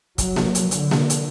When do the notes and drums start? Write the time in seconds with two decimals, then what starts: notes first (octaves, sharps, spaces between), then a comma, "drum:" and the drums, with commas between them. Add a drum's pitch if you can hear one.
0.18 F#3, drum: kick, hi-hat
0.36 drum: snare A#3
0.55 drum: hi-hat
0.71 D3, drum: hi-hat
0.91 drum: snare A#3
1.10 drum: hi-hat